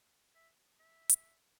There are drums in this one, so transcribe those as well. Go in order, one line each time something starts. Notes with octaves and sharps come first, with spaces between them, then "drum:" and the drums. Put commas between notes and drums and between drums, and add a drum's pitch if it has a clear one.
E5
E5
drum: hi-hat